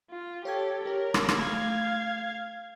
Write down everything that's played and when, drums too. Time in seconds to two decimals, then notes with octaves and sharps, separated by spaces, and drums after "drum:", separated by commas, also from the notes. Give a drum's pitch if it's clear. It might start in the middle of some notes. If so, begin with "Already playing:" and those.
0.11 F4
0.45 G4 A4 C#5 G5 G#6
0.86 G4 A#4 C#5
1.14 drum: rim click
1.29 drum: rim click
1.38 A3 F5 G#6